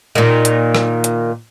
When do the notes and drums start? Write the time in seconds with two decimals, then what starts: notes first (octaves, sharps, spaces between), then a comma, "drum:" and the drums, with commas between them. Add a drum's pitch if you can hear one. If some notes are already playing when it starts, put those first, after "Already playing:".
0.15 A#2 D#3
0.45 drum: hi-hat
0.75 drum: rim click
1.04 drum: hi-hat